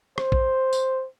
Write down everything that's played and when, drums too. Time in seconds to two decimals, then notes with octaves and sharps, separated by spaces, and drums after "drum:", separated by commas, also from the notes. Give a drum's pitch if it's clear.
0.18 C5, drum: rim click
0.32 drum: kick
0.73 drum: tambourine